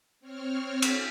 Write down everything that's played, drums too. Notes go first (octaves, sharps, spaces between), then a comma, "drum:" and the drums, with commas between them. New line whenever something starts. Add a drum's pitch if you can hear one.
C4 C#5 F6
drum: cymbal